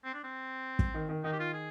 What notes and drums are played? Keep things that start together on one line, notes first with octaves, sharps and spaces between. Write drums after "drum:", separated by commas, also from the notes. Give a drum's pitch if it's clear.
C4
D4
C4
drum: kick
D#3
D#3
D#3 D#4
G4
F4
G#4